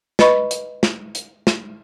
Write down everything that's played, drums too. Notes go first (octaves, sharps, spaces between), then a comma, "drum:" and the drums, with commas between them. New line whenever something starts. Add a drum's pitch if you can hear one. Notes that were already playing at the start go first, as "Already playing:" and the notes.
B4 D#5 B5 C#6, drum: snare
drum: hi-hat
drum: snare
drum: hi-hat
drum: snare